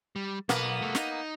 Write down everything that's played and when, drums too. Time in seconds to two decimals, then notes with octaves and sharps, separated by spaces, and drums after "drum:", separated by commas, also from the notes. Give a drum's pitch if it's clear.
0.16 G3
0.49 B1 A#3 B3, drum: snare
0.82 C2 A3
0.95 D#4, drum: snare